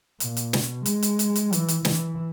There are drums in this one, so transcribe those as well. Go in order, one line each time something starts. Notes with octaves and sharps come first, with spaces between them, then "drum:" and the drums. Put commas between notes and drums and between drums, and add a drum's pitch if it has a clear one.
A#2, drum: hi-hat
drum: hi-hat
B2, drum: snare
G#3, drum: hi-hat
drum: hi-hat
drum: hi-hat
drum: hi-hat
E3, drum: hi-hat
drum: hi-hat
E3, drum: snare